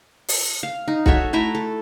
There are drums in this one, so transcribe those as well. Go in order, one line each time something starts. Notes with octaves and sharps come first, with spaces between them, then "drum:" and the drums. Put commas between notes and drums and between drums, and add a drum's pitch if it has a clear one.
drum: open hi-hat
F5
D#4
F#4 A4 C#5 E5, drum: kick
A3 E4 E5 A#5
A4